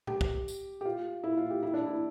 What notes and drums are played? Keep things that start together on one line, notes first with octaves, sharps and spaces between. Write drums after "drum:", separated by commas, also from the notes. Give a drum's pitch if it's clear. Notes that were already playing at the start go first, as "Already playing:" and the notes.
G4, drum: tom A#2
drum: kick
drum: tambourine
G4
F4
E4
F4
G4
E4
D4
E4